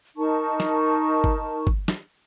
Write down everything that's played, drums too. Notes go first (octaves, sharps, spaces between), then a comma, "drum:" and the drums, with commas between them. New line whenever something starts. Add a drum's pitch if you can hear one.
D#4 A#4 A5 C#6
drum: snare
drum: kick
drum: kick
drum: snare